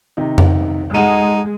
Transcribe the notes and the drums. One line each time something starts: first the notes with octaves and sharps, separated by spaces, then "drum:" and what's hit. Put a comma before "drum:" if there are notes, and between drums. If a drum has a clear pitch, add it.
C3 D#3 D#4
drum: tom F2
G#3 D#4 F#4 A4 F5 D#7